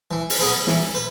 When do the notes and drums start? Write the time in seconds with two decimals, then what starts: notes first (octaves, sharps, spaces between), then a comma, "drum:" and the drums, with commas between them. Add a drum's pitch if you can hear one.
0.11 E3
0.30 drum: open hi-hat
0.39 B3 G#4 B4
0.67 E3, drum: snare
0.95 B4